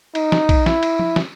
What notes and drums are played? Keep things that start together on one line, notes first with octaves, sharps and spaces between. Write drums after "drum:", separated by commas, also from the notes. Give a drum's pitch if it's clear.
D#4, drum: cymbal
drum: snare
drum: kick, cymbal
E4, drum: snare
drum: cymbal
drum: tom
drum: snare